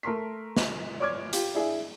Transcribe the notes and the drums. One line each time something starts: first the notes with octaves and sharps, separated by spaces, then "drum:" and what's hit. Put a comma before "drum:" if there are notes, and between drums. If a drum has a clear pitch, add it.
A3 A#4 C6 B6
drum: snare
C#5 D5 D6 F6 G#6
F4 G4, drum: hi-hat
D4 E4 G#4 E5